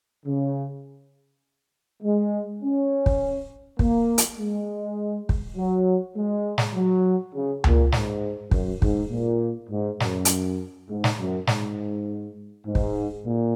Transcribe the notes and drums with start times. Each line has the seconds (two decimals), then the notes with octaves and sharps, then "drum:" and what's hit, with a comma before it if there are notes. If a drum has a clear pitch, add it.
0.25 C#3
2.02 G#3
2.62 C#4
3.06 drum: kick
3.79 A#3, drum: kick
4.18 drum: hi-hat
4.38 G#3
5.29 drum: kick
5.56 F#3
6.15 G#3
6.58 drum: snare
6.75 F#3
7.34 C#3
7.64 A#2, drum: tom C#2
7.92 G#2, drum: snare
8.51 F#2, drum: kick
8.82 G#2, drum: kick
9.11 A#2
9.70 G#2
10.00 F#2, drum: snare
10.25 drum: hi-hat
10.88 G#2
11.04 drum: snare
11.18 F#2
11.47 G#2, drum: snare
12.65 G#2
12.75 drum: kick
13.25 A#2